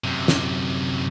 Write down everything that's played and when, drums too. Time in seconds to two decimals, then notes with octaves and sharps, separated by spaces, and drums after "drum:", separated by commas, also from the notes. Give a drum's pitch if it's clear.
0.04 F#2 C3
0.28 drum: snare